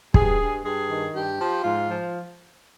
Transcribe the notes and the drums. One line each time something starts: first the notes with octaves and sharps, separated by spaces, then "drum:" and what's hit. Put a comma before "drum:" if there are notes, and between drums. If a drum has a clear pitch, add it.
G2 G#4, drum: kick
G2
G2 G#4
D#3
G2 G4
F3
G#2 F4
F3